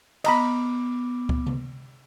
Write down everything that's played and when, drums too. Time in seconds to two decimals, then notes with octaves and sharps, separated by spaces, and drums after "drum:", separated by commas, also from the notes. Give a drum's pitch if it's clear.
0.24 B3 D#5 A#5 B5 D6, drum: cymbal
1.29 drum: kick C#2
1.46 drum: tom C3